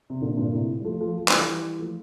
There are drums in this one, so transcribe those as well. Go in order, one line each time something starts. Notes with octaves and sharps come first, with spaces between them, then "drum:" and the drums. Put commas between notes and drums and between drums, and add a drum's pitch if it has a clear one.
C3
A#2 D3
C3
G2 A#2
A2 C3
G3
F3 A3
F3 A3
F3 A3
F3, drum: clap
E3 G3
F3 A3